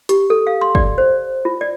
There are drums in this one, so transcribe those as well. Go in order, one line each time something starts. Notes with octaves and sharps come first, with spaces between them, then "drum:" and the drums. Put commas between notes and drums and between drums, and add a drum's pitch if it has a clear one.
G4, drum: hi-hat
A4
F5
C6
D5, drum: kick
C5
F4
D5